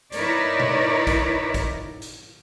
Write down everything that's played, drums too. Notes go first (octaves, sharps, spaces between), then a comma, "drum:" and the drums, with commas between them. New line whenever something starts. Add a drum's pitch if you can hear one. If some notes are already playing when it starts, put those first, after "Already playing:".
D#4 E4 A#4 B4 C#5 D5, drum: hi-hat
drum: tom A#2
drum: kick, hi-hat
drum: kick, hi-hat
drum: hi-hat